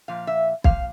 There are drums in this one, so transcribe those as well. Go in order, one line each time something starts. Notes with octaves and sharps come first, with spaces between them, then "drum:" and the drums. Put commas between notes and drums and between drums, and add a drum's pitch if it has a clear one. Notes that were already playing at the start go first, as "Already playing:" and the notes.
A#2 F3 F5
E5
A#2 F3 F5, drum: kick B1